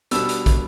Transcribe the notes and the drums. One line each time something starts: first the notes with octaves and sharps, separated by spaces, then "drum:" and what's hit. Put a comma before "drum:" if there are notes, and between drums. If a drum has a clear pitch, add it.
B2 G3 B3 D4 E6, drum: hi-hat
drum: hi-hat
drum: kick, hi-hat